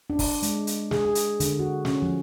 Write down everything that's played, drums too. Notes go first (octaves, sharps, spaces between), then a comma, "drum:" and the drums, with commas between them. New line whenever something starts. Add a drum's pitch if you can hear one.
D4
drum: kick, open hi-hat
G#3, drum: hi-hat
drum: hi-hat
G#4, drum: snare
G#4
drum: hi-hat
D3, drum: hi-hat
F#4
C#4, drum: snare
F3